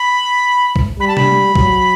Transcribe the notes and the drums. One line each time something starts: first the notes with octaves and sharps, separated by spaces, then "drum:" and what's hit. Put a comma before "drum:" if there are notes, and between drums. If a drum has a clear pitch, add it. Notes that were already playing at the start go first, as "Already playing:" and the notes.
Already playing: B5
drum: kick
G3 B5
A5
B5, drum: tom C3
F#3, drum: kick